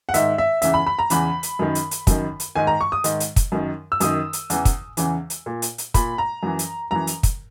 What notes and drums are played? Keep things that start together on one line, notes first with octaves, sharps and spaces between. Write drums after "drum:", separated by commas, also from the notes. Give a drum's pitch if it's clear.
F#5
G#2 D#3 E5, drum: hi-hat
E5
E2 C#3 E3 E5, drum: hi-hat
B5
B5
A#5
E2 C#3 E3 B5, drum: hi-hat
drum: hi-hat
F#2 D#3
drum: hi-hat
drum: hi-hat
F#2 D#3, drum: kick, hi-hat
drum: hi-hat
G#2 D#3 G#5
A#5
C#6
D#6
G#2 D#3, drum: hi-hat
drum: hi-hat
drum: kick, hi-hat
F#2 D#3
E6
F#2 D#3 D#6, drum: hi-hat
drum: hi-hat
E2 C#3 E3, drum: hi-hat
drum: kick, hi-hat
E2 C#3 E3, drum: hi-hat
drum: hi-hat
A#2
drum: hi-hat
drum: hi-hat
A#2 B5, drum: kick, hi-hat
A#5
F#2 E3
drum: hi-hat
F#2 E3 A#5
drum: hi-hat
drum: kick, hi-hat